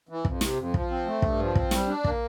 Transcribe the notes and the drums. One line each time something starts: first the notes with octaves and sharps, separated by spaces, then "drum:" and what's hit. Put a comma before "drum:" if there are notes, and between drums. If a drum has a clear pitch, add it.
E3
F2, drum: kick
C3, drum: snare
F2
F3, drum: kick
C4
A3
G2, drum: kick
F3
C4, drum: kick
G3, drum: snare
D4
A#3, drum: kick